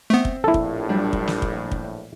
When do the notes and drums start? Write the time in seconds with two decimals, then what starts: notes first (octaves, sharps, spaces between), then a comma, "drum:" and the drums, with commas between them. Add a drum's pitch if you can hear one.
0.10 A3 B3 C4 E5
0.25 drum: kick
0.44 A#1 A2 E4 A4
0.54 drum: kick
0.89 F#3 G3 D4
1.13 drum: kick
1.27 drum: snare
1.42 drum: kick
1.72 drum: kick